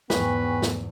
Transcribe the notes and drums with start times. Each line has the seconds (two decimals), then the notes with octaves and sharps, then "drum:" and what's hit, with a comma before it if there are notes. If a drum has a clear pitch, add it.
0.10 E2 G#2 B3 B4 G5 G#5 C#6, drum: snare
0.62 drum: snare